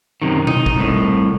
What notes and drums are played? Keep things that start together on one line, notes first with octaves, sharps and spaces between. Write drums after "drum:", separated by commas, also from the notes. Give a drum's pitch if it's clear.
F#2 C3 D#3
D#4, drum: tom B2
drum: kick
C2 A2